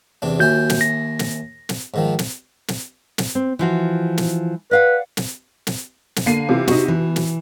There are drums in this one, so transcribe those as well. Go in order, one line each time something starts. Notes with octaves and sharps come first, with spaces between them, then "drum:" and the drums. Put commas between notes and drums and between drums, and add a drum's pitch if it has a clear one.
E2 C3 D4
D#2 E4 F#4 G#5 G6
drum: snare
A#6
drum: snare
drum: snare
G#2 D#3 F3
drum: snare
drum: snare
drum: snare
C4
E3 F3 F#4
drum: snare
B4 D5 F5 F#5
drum: snare
drum: snare
drum: snare
D3 A#3 C7 D#7
C3 E3 F4
C3 D#4 F#4, drum: snare
B2 E3
drum: snare